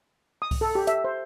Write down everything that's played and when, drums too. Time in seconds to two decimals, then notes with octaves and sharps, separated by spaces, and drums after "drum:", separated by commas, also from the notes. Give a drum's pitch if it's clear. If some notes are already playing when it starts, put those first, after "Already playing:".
0.42 D#6
0.51 drum: kick C2, open hi-hat
0.61 A4
0.75 G4
0.87 E5, drum: hi-hat
1.04 C5